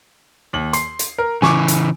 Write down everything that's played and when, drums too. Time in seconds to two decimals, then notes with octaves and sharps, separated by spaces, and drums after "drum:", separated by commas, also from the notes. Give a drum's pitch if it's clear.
0.53 D#2 F#7
0.73 C6 C7, drum: hi-hat
0.99 drum: hi-hat
1.18 A#4
1.42 C#3 E3 G#5 C#6 D6, drum: snare
1.68 drum: hi-hat